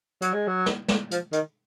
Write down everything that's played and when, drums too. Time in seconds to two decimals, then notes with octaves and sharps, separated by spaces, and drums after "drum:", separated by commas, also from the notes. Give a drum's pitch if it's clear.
0.22 F#3, drum: hi-hat
0.33 G#3
0.47 F#3
0.66 drum: snare
0.88 drum: snare
1.11 F3, drum: hi-hat
1.33 D#3, drum: hi-hat